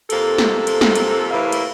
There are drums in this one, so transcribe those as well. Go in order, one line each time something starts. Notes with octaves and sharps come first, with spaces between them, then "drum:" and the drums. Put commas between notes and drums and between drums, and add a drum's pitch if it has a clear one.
F2 C3 A#3 A4, drum: cymbal
drum: snare
drum: cymbal
drum: snare
drum: cymbal
A2 C3 E3 A#3 E5 F5
drum: cymbal